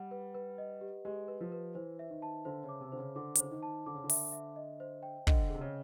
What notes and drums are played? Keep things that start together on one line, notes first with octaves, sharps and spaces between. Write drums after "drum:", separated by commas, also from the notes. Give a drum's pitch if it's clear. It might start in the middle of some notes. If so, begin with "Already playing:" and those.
Already playing: G3 G4 F#5
B4
B4
D#5
G4
G#3 G4
B4
F3
B4
E3 C5
E5
D#3
A5
D3 C5
C#3 D6
C3
D3 C5
C#3
D3 D6
C#3, drum: hi-hat
D3 C5
D#3
A5
D3 D6
C#3
D3
E5, drum: open hi-hat
E5
D#5
C5
G5
D3 D#5, drum: kick
C3 G#4
C#3